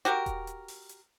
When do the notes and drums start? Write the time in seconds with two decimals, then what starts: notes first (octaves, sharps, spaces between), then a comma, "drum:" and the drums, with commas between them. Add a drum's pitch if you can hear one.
0.05 F#4 G4 A#4, drum: hi-hat
0.26 drum: kick D#1, hi-hat
0.47 drum: hi-hat
0.68 drum: open hi-hat
0.89 drum: hi-hat